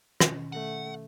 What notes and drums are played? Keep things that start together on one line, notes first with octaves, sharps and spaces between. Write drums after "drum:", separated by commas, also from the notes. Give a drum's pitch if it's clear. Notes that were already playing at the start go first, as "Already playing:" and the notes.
B2 D#3 C#4, drum: rim click
A3 F#5